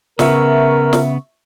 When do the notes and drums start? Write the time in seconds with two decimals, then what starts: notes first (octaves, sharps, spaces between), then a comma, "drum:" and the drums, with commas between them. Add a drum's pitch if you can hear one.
0.19 C#3 B3 A#4 E5 C#6, drum: snare
0.93 drum: snare